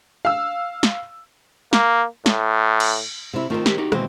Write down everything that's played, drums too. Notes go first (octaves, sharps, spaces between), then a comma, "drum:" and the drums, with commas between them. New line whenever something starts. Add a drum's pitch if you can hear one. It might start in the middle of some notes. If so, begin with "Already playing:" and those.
F5 E6
drum: snare
A#3, drum: snare
A2, drum: snare
drum: cymbal
C3 E4
D#3 A3 C4 F4
G4, drum: snare
D#4 F#4 G4
D#2 B2 E3 G#3 C4, drum: rim click